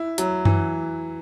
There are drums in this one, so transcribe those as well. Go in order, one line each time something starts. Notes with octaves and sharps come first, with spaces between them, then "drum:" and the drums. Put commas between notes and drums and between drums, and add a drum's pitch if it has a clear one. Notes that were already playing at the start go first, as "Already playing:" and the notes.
Already playing: E4
F#3, drum: hi-hat
E3, drum: tom F#2